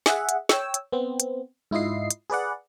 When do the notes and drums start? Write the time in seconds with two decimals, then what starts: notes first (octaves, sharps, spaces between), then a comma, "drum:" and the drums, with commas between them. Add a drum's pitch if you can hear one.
0.06 G#4 E5 F#5, drum: snare
0.29 drum: hi-hat
0.49 C#5 G5 E6, drum: snare
0.74 drum: hi-hat
0.92 B3 C4
1.20 drum: hi-hat
1.71 G#2 E4 F4 D#5 C7
2.11 drum: hi-hat
2.30 G#4 B4 D5 F#5